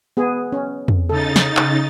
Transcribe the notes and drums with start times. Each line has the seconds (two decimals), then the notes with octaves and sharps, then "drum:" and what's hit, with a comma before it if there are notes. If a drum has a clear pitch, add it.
0.17 B3 G#4
0.52 C#4
0.88 drum: tom
1.09 C#3 D#4 A4 A6
1.36 drum: snare
1.57 drum: clap